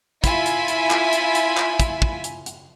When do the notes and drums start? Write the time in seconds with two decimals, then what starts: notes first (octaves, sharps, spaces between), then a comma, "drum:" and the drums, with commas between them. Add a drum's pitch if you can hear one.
0.24 E4 F4 E5 G#5 B5, drum: kick, hi-hat
0.46 drum: hi-hat
0.68 drum: hi-hat
0.90 drum: clap
1.13 drum: hi-hat
1.35 drum: hi-hat
1.57 drum: clap
1.80 drum: kick, hi-hat
2.02 drum: kick
2.24 drum: hi-hat
2.46 drum: hi-hat